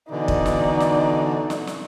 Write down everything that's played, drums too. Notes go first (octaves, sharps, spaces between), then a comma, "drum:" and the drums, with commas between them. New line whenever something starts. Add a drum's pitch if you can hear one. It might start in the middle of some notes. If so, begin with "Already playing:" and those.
B2 D3 E3 D#4 D5
drum: kick
drum: snare
drum: snare
drum: snare
drum: snare